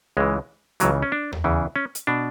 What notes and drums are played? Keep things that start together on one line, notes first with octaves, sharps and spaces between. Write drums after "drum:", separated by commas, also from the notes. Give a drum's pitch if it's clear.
C#2 C#3 E3 G#3
C#2 C#3 E3 F#3, drum: hi-hat
C#4
D4
drum: tom D#2
E2 C#3 E3
C#4
drum: hi-hat
B2 D4